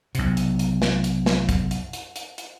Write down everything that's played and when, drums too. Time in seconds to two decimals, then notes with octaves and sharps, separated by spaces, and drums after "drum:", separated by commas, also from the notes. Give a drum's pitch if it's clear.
0.15 B1 C3, drum: hi-hat
0.37 drum: hi-hat
0.59 drum: hi-hat
0.82 drum: snare
1.04 drum: hi-hat
1.26 drum: snare
1.49 drum: kick, hi-hat
1.71 drum: hi-hat
1.93 drum: hi-hat
2.16 drum: hi-hat
2.38 drum: hi-hat